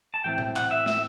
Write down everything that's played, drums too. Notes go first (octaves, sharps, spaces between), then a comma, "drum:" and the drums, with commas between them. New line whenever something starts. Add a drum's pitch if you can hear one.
A5
A2 E3 A3 C4 G5
drum: tom A#2
F#5, drum: clap
E5
E5, drum: snare